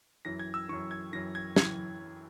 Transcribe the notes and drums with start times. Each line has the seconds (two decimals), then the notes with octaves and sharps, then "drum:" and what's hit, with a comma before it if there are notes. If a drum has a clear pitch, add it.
0.25 F#2 E3 A#6
0.39 G#6
0.54 E6
0.68 F#2 E3 C#6
0.91 G#6
1.12 F#2 E3 A#6
1.35 G#6
1.56 E3 G#6, drum: snare